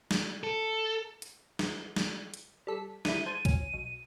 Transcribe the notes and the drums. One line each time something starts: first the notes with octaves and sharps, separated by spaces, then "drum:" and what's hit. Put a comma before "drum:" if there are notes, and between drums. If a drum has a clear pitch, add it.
drum: snare
A4
drum: hi-hat
drum: snare
drum: snare
drum: hi-hat
G3 A4 B6
D3 G3 E4 D#7, drum: snare
C5 A5 G#6 D#7
C#4, drum: kick, hi-hat
B1